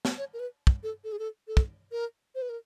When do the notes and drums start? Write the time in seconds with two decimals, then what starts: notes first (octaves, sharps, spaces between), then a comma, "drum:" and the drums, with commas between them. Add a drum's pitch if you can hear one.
0.05 drum: snare
0.18 C#5
0.34 A#4
0.40 B4
0.67 drum: kick
0.83 A4
1.04 A4
1.12 G#4
1.19 A4
1.48 A4
1.57 drum: kick
1.92 A#4
2.35 C5
2.42 B4
2.49 A#4